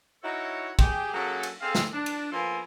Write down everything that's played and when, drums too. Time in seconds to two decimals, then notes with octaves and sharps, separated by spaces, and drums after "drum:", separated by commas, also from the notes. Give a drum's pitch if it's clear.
0.23 D#4 E4 F#4 A4 C#5
0.79 G4 G#4, drum: kick, cymbal
1.12 F#3 A#3 C#4 G#4 A4
1.43 drum: cymbal
1.61 C4 G#4 A4 F5
1.75 drum: snare
1.93 D4
2.06 drum: cymbal
2.32 F3 A#3 B3 A4 G#5 C6